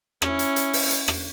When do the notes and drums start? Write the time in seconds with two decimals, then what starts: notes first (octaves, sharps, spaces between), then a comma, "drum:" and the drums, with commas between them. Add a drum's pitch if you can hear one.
0.22 C#4 E4, drum: rim click
0.39 drum: hi-hat
0.56 drum: hi-hat
0.73 drum: open hi-hat
0.91 drum: hi-hat
1.08 drum: rim click